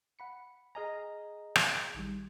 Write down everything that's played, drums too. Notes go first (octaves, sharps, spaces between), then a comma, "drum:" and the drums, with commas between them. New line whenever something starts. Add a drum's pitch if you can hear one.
F#5 B5 C#7
G#4 D#5 G#5 A#5 F6 A#6
drum: rim click
A1 D#3 G3